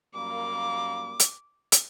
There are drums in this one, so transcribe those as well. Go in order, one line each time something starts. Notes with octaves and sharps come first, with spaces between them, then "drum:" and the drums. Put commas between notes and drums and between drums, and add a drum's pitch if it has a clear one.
F#2 G3 A#3 D6
drum: hi-hat
drum: hi-hat